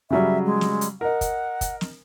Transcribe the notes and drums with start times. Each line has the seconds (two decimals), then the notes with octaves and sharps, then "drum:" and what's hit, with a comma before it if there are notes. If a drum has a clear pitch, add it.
0.10 C#3 F#3 G3 E5
0.45 G#3
0.61 drum: snare
0.81 drum: hi-hat
1.01 A#4 D#5 F#5
1.21 drum: kick, hi-hat
1.61 drum: kick, hi-hat
1.81 drum: snare